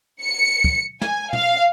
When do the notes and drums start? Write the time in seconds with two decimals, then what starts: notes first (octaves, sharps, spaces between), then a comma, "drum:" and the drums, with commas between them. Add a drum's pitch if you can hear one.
0.22 C#7
0.64 drum: kick
1.01 G#5, drum: snare
1.33 F5, drum: tom